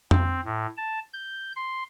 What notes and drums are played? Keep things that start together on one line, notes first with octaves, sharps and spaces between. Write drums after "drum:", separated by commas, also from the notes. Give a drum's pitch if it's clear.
C4, drum: tom F2
A2
A5
G6
C6